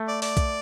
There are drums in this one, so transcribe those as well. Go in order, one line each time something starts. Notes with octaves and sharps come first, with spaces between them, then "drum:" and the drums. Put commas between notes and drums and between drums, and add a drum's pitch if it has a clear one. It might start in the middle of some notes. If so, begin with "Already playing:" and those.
Already playing: A3
D5
D5, drum: open hi-hat
drum: kick B1, hi-hat